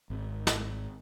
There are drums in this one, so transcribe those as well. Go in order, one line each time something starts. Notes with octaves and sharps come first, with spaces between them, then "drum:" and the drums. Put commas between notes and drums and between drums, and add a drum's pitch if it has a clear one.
G#1
drum: snare